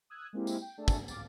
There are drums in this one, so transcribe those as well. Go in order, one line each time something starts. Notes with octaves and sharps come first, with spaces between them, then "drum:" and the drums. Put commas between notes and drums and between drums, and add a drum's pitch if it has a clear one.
D#6 E6 F#6 G#6
G#3 A#3 C4 E4 G4
drum: tambourine
G5
A3 D4 G#4 A4
drum: kick, tambourine
F5 D6 A6, drum: tambourine